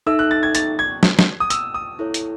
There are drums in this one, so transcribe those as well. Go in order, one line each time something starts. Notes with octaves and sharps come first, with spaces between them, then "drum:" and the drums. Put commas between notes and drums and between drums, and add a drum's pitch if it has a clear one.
D#4 A4 E5 E6
F#6
A6
G#6
A6, drum: hi-hat
G#6
drum: snare
drum: snare
D#6
E6, drum: hi-hat
D#6
E4 A4 C#5
drum: hi-hat